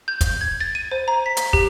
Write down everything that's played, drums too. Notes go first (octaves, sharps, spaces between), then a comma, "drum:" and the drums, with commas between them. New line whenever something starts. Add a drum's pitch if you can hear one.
G6
drum: kick, hi-hat
G#6
A6
D#7
C5
A#5
B6
drum: hi-hat
G4, drum: kick